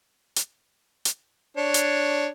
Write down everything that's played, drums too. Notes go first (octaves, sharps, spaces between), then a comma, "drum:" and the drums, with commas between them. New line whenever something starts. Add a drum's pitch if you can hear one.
drum: hi-hat
drum: hi-hat
D4 C#5
drum: hi-hat